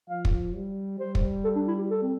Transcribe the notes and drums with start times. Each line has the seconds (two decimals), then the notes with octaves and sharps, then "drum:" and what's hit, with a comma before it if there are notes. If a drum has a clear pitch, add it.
0.09 F3 F5
0.25 drum: kick
0.55 G3
0.99 G3 C5
1.15 drum: kick
1.44 A4
1.56 D4
1.68 E4
1.78 G4
1.90 A4
2.02 C4